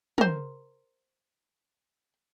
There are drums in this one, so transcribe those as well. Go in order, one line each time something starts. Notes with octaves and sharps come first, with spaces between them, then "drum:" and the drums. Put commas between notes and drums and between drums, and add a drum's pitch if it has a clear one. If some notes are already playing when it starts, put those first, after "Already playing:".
A#4 C5, drum: tom